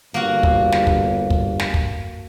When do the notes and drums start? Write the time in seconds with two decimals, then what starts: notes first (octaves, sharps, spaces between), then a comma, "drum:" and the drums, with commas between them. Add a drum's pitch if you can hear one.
0.14 G1 A#3 F#4
0.43 drum: kick
0.72 drum: snare
0.87 drum: kick
1.30 drum: kick
1.59 drum: snare
1.74 drum: kick